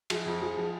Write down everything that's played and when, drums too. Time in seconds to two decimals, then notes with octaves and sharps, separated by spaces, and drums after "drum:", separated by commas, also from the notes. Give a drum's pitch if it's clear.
0.10 F3 G#4, drum: cymbal
0.26 F2
0.42 F3 G#4
0.57 F3